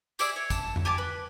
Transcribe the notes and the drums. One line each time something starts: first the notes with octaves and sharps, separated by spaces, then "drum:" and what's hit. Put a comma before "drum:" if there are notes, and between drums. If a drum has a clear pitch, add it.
G4 G#4 D5 E5, drum: tambourine
C#5
A5, drum: kick, tambourine
drum: tom F2
G4 G#5 A5 D6
B4